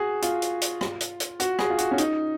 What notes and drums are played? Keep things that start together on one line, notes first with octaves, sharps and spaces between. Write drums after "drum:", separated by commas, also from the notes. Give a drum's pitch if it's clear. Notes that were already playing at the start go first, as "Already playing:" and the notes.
Already playing: F#4 G#4
F4, drum: hi-hat
drum: hi-hat
drum: hi-hat
drum: rim click
drum: hi-hat
drum: hi-hat
F#4, drum: hi-hat
G#4, drum: rim click
F4
F#4, drum: hi-hat
C#4
D#4, drum: hi-hat